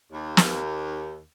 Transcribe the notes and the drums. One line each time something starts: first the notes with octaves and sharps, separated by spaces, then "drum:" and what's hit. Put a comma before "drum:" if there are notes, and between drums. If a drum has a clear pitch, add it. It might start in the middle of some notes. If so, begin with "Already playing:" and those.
D#2
drum: snare